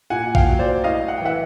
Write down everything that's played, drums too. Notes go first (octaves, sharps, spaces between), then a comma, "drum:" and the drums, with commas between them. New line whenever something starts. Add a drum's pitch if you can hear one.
A#2 F#5 G#5
F5 G5, drum: kick A#1
F#3
C5 D5
A2 D#5 F5
F#5
G5
E3 E5 F#5